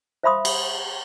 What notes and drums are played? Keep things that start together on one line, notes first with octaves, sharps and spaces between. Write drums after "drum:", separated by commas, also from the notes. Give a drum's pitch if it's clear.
C5 E5 F5 B5 C6 D#6
drum: cymbal